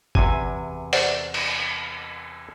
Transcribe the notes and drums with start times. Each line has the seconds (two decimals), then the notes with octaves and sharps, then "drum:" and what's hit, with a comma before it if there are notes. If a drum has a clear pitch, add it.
0.15 E2 C3 G#5, drum: kick F#1
0.93 C5 D5 F#5, drum: open hi-hat
1.34 drum: cymbal